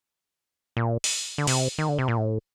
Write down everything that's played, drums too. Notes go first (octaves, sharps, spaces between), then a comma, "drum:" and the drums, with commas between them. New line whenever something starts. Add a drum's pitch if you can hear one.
A#2
drum: open hi-hat
D3
C3, drum: open hi-hat
D#3
D3
C3
A#2
A2